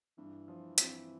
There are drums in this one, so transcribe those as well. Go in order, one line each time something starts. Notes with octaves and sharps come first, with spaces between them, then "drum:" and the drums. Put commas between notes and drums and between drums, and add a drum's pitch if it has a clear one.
G2 E3
F3
C4, drum: hi-hat